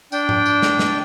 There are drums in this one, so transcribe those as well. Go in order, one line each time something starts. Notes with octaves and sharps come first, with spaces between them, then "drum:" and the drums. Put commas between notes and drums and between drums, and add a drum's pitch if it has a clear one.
D4 G5, drum: tambourine
drum: tom G#2
drum: tambourine
drum: snare
drum: snare